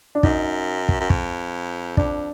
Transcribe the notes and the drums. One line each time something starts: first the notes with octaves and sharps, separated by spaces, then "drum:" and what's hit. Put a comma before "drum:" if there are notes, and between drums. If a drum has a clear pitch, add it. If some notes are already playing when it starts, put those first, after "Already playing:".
D4
F#2 D#4, drum: kick
drum: kick
F#2
F2, drum: kick
F2 D4, drum: kick